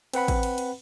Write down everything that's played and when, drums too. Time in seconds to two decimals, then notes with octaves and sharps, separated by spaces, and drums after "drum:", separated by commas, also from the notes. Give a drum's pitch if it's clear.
0.14 C4 B4 F#5 B5, drum: cymbal
0.28 drum: kick A1, cymbal
0.43 drum: cymbal
0.58 drum: cymbal